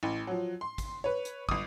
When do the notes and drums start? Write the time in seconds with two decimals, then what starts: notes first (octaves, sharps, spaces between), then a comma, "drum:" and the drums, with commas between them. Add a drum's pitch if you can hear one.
0.03 A1
0.27 F3 F#3
0.61 C6
0.78 drum: kick, hi-hat
1.04 B4 C#5
1.25 drum: hi-hat
1.49 G1 D#6, drum: kick